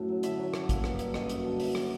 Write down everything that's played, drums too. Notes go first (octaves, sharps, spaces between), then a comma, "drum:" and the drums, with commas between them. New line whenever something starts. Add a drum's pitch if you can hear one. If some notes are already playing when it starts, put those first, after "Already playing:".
Already playing: F#2 A2
F#3
D3 E5, drum: hi-hat
F#3
F#3, drum: rim click
A#3, drum: kick, hi-hat
G2, drum: rim click
G2, drum: hi-hat
F#2 D#5, drum: rim click
F#2, drum: hi-hat
D3
F#3 E5, drum: open hi-hat
F#3, drum: rim click